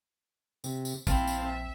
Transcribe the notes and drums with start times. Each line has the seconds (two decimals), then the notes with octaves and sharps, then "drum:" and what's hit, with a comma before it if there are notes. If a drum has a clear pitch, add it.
0.64 C3, drum: tambourine
0.85 drum: tambourine
1.07 A#1 C4 E4 C5 F5 A5, drum: kick, tambourine
1.27 drum: tambourine
1.43 E5